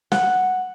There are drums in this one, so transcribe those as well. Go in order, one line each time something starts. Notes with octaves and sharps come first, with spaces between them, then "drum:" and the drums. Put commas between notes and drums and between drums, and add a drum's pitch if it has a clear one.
F#5, drum: snare